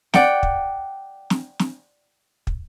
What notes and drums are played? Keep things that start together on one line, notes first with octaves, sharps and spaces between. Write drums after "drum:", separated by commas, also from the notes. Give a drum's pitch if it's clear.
D5 F#5 G5, drum: snare
drum: kick
drum: snare
drum: snare
drum: kick